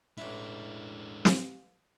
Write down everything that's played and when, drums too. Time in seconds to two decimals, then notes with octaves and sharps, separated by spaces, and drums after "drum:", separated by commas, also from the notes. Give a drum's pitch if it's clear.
0.18 A1 G#3 D4 E4
1.25 drum: snare